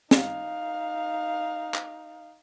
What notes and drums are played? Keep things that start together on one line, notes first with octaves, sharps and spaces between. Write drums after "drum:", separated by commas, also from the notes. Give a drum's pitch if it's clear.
D#4 F5, drum: snare
drum: clap